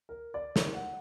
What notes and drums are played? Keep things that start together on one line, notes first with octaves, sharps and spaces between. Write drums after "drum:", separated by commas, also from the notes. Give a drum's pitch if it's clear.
A#4
D5
A#4, drum: snare
F#5